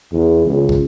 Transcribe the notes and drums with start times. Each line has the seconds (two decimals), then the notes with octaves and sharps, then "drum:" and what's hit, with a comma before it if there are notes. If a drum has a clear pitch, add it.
0.12 E2
0.46 C#2
0.69 drum: kick